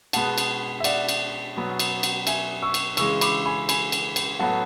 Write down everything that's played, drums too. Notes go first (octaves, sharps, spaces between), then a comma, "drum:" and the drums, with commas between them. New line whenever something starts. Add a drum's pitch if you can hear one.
B2 G#3 B3 F#5 A5, drum: cymbal
drum: cymbal
E5
D5 F#5, drum: cymbal
drum: cymbal
B2 F#3 B3
drum: cymbal
drum: cymbal
E5 G#5, drum: cymbal
C#6 E6
drum: cymbal
C#3 E3 G#3 C#6 E6, drum: cymbal
B5 D6, drum: cymbal
G#5 B5
G#5 B5, drum: cymbal
drum: cymbal
drum: cymbal
A2 F#3 B3 F#5 A5